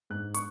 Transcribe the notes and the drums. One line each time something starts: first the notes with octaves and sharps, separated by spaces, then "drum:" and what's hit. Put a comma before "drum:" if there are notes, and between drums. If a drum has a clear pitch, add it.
G#2 F#6
C#6, drum: hi-hat